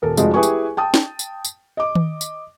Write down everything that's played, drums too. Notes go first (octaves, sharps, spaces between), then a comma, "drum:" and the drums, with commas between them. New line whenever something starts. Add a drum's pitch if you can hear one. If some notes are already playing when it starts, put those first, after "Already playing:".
D#1 A4 A#4
F1 F3 G#3 F#4 D#5, drum: tambourine
E4 G4 G#4 B4 G#5 C#6
drum: tambourine
G5 A5 D#6
drum: snare
drum: tambourine
drum: tambourine
D#5 D6
drum: tom D#3
drum: tambourine